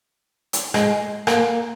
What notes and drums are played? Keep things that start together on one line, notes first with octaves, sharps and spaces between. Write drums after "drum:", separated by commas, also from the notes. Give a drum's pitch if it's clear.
drum: hi-hat
G#3, drum: rim click
A#3, drum: rim click